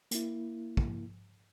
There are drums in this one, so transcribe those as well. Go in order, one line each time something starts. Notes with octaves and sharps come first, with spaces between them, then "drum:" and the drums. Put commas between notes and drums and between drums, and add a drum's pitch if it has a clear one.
A#3 E4, drum: hi-hat
drum: kick